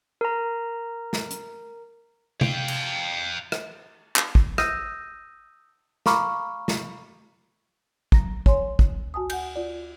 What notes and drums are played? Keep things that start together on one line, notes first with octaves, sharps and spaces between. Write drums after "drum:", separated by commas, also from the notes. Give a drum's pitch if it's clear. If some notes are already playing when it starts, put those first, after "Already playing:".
A#4 A#5
drum: snare
drum: hi-hat
F5 G5, drum: tom
drum: cymbal
drum: rim click
drum: clap
drum: kick
D#6 E6 G6 A#6 D#7, drum: rim click
F5 A#5 B5 C#6 D6 F6, drum: snare
drum: snare
F#3 A#5 A#6, drum: kick
C#5 G#5 C6, drum: kick
D2, drum: kick
F#4 G#5 A5 D#6
F#5 G#5 G6, drum: cymbal
F4 D5